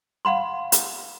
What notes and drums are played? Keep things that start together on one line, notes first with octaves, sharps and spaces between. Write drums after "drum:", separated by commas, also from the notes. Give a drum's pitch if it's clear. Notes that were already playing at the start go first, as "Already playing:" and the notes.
F5 F#5 B5 C6
drum: hi-hat